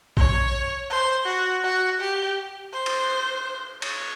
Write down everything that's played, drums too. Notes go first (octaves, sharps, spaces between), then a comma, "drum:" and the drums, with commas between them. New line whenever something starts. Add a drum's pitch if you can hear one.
C#5, drum: kick A#1
C5
F#4
F#4
G4
C5
drum: cymbal
C#5, drum: cymbal